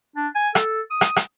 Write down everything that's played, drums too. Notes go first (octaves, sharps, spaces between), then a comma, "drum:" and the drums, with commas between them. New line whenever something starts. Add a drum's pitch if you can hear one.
D4
G#5
A4, drum: rim click
D#6
drum: rim click
drum: rim click